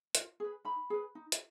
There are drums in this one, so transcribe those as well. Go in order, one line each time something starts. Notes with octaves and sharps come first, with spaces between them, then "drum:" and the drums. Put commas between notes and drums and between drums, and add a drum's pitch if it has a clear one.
F4, drum: hi-hat
G#4 B4
D#4 B5
G#4 B4
D#4
drum: hi-hat